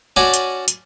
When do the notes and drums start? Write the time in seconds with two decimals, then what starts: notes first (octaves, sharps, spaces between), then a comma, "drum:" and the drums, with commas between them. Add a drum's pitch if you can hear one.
0.16 C#4 F#4 D5 G#5 A5
0.34 drum: hi-hat
0.68 drum: hi-hat